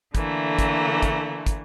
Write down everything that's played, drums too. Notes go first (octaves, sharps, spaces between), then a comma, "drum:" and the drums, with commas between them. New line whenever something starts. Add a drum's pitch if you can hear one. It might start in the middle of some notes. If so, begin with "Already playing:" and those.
D3 E3 A3 A#3, drum: kick, hi-hat
drum: kick, hi-hat
drum: kick, hi-hat
drum: kick, hi-hat